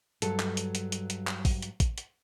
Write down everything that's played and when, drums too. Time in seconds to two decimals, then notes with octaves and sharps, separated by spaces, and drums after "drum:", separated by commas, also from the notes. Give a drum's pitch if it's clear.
0.22 G2 F#3 A4, drum: hi-hat
0.40 drum: clap
0.57 drum: hi-hat
0.75 drum: hi-hat
0.92 drum: hi-hat
1.10 drum: hi-hat
1.27 drum: clap
1.45 drum: kick A1, open hi-hat
1.62 drum: hi-hat
1.80 drum: kick A1, hi-hat
1.98 drum: hi-hat